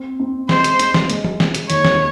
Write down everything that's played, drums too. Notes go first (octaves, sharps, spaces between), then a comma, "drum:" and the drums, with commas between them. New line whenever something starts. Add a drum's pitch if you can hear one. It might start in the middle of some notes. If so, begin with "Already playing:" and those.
Already playing: C4
C4
G#3 C5, drum: snare
drum: hi-hat
G#3, drum: hi-hat
drum: snare
G#3, drum: hi-hat
drum: tom F3
G#3, drum: snare
drum: hi-hat
D#2 C#5, drum: hi-hat
drum: snare